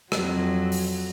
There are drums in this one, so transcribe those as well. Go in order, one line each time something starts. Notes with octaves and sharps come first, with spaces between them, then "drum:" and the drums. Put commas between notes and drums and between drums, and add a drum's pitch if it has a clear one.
F2 F#3, drum: rim click
drum: open hi-hat